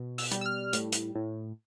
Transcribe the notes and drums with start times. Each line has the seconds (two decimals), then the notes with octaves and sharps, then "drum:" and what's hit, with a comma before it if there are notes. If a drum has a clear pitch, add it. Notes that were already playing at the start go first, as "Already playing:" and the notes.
Already playing: B2
0.18 E6, drum: open hi-hat
0.31 G3, drum: hi-hat
0.41 E6
0.46 F6
0.73 A2, drum: hi-hat
0.92 drum: hi-hat
1.15 A2